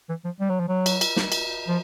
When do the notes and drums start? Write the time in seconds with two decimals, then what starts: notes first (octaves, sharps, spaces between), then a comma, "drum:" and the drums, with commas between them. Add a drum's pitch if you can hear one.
0.09 E3
0.25 F3
0.40 G3
0.50 F#3
0.60 F3
0.68 F#3
0.86 drum: cymbal
1.01 drum: cymbal
1.16 drum: snare
1.32 drum: cymbal
1.68 F3